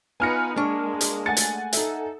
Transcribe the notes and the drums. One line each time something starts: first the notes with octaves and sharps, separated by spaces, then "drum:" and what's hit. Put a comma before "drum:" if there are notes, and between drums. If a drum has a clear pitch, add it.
B3 D#4 F4 B4 G#5 F6 A#6 C#7
G#3 A#3 D4 C#6
drum: hi-hat
A3 F#5 G#5 A6 C#7
drum: hi-hat
D#4 A4 E5, drum: hi-hat